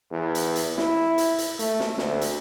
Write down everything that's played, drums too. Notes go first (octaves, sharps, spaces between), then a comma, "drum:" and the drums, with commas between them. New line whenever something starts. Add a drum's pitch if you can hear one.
E2
drum: hi-hat
drum: hi-hat
E4, drum: snare
drum: hi-hat
drum: hi-hat
A3, drum: hi-hat
drum: snare
D2, drum: snare
drum: hi-hat